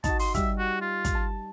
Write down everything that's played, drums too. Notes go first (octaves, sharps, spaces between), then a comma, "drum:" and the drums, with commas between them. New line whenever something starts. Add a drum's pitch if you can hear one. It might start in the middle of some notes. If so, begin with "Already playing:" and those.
D#4 F#4 A5, drum: kick, hi-hat
C6, drum: open hi-hat
G3 E5, drum: kick, hi-hat
F#4
F4
drum: kick, hi-hat
A5